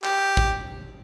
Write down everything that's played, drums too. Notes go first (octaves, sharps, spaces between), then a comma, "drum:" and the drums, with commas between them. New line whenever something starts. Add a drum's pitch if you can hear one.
G4, drum: clap
drum: kick